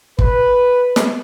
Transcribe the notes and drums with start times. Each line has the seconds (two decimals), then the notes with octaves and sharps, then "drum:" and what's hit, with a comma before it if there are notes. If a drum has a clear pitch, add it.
0.19 B4, drum: kick
0.96 drum: snare